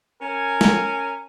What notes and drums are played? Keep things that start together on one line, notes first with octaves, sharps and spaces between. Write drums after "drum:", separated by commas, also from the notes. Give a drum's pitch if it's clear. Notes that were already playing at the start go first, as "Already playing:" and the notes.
C#4 A#4 G#5
drum: snare